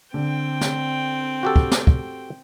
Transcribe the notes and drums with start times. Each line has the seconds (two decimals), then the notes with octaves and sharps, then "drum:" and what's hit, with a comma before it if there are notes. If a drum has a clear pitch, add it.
0.14 D3 C4 G5
0.61 drum: snare
1.43 F#4 G4 A4
1.56 drum: kick
1.71 drum: snare
1.87 drum: kick